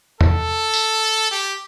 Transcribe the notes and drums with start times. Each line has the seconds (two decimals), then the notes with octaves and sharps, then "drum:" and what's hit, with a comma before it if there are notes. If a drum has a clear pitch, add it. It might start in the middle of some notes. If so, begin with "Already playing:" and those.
0.21 A4, drum: tom E2
0.74 drum: tambourine
1.31 G4